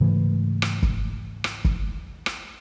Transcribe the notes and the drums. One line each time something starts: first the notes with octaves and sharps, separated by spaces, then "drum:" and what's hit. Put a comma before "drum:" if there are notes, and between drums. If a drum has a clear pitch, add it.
G#2 C#3 E3 A3
drum: rim click
drum: kick
drum: rim click
drum: kick
drum: rim click